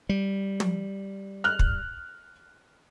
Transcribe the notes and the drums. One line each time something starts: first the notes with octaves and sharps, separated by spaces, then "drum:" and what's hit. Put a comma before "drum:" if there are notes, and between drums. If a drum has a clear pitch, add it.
G3
drum: tom
F6 F#6
drum: kick